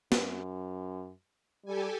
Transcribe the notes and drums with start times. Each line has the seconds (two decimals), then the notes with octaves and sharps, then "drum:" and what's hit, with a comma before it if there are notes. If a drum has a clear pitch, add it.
0.12 F#2, drum: snare
1.65 G3 G4 A4 G#5